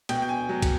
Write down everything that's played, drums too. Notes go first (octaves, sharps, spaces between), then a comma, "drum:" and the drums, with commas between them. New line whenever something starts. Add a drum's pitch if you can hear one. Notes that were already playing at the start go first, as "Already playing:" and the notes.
B2 G5, drum: cymbal
G5
G#5
F#3
drum: kick, cymbal